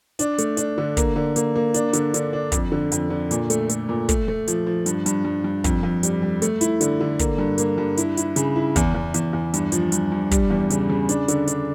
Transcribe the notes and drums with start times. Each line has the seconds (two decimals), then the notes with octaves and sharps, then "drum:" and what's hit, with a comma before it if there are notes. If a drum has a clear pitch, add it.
0.19 D4, drum: hi-hat
0.38 A3, drum: hi-hat
0.57 D4, drum: hi-hat
0.78 D3
0.97 A#3, drum: kick, hi-hat
1.16 D3
1.36 A#3, drum: hi-hat
1.56 A#3
1.74 D4, drum: hi-hat
1.93 D3, drum: hi-hat
2.14 D3, drum: hi-hat
2.33 D4
2.52 F2, drum: kick, hi-hat
2.72 D3
2.92 F2, drum: hi-hat
3.10 D3
3.31 A#2, drum: hi-hat
3.50 A3, drum: hi-hat
3.69 A3, drum: hi-hat
3.89 A#2
4.09 A3, drum: kick, hi-hat
4.28 A3
4.48 F3, drum: hi-hat
4.66 F3
4.86 G2, drum: hi-hat
5.06 G2, drum: hi-hat
5.25 G2
5.44 G2
5.64 F2, drum: kick, hi-hat
5.83 F2
6.03 G3, drum: hi-hat
6.22 G3
6.42 A3, drum: hi-hat
6.61 E4, drum: hi-hat
6.81 D3, drum: hi-hat
7.01 D3
7.19 A#3, drum: kick, hi-hat
7.38 G2
7.58 A#3, drum: hi-hat
7.78 G2
7.97 E4, drum: hi-hat
8.17 E4, drum: hi-hat
8.36 C#3, drum: hi-hat
8.56 E4
8.76 E2, drum: kick, hi-hat
8.94 E2
9.14 E2, drum: hi-hat
9.33 E2
9.54 G2, drum: hi-hat
9.72 F3, drum: hi-hat
9.92 G2, drum: hi-hat
10.12 G2
10.31 G3, drum: kick, hi-hat
10.50 E2
10.70 C#3, drum: hi-hat
10.89 C#3
11.09 D4, drum: hi-hat
11.28 D3, drum: hi-hat
11.47 D4, drum: hi-hat